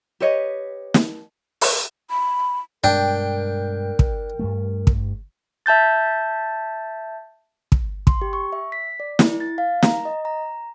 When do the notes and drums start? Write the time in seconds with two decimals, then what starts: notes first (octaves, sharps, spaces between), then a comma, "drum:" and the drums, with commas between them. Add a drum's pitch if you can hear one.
0.20 G4 B4 C#5 D#5
0.94 drum: snare
1.61 drum: open hi-hat
2.11 B5
2.84 G2 B2 G#3 D4 A#4 G5
3.99 drum: kick
4.39 G2 G3 A3
4.87 drum: kick
5.66 E5 A5 G6 A6
7.72 drum: kick
8.07 C6, drum: kick
8.22 G4
8.33 C#6
8.53 E5
8.72 B6
9.00 D5
9.19 E4, drum: snare
9.40 A6
9.58 F5
9.83 A#5, drum: snare
10.05 D#5
10.25 A#5